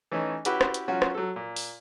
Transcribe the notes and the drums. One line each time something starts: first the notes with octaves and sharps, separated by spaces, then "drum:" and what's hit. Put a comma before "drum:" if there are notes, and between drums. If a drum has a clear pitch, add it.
E3 A3 C#4 D#4
C#4 E4 F#4 G4 B4, drum: hi-hat
drum: rim click
drum: hi-hat
F#3 C#4 F4 F#4
drum: rim click
F#3 A4
A#2
drum: open hi-hat